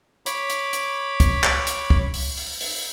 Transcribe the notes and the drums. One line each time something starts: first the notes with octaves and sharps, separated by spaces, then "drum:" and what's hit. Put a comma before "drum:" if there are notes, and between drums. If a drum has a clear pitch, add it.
C#5 B5 D6, drum: hi-hat
drum: hi-hat
drum: hi-hat
drum: kick, hi-hat
drum: clap
drum: hi-hat
drum: kick
drum: open hi-hat
drum: open hi-hat
drum: open hi-hat